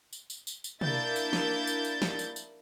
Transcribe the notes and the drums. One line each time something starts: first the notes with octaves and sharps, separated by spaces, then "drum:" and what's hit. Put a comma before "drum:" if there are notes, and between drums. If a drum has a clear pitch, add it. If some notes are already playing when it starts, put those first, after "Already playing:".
drum: tambourine
drum: tambourine
drum: tambourine
drum: tambourine
A#3 D4 E4 G6 A6, drum: tom
drum: tambourine
drum: snare
drum: tambourine
drum: tambourine
drum: snare
drum: tambourine
drum: tambourine